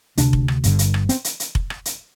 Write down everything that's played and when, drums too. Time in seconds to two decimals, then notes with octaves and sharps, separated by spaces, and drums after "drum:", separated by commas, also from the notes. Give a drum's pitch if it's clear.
0.17 D2 C3 D4, drum: hi-hat
0.33 drum: kick F1
0.48 drum: rim click
0.64 G1 G2 D3, drum: hi-hat
0.79 drum: hi-hat
0.94 drum: rim click
1.09 C4, drum: hi-hat
1.24 drum: hi-hat
1.40 drum: hi-hat
1.55 drum: kick F1
1.70 drum: rim click
1.85 drum: hi-hat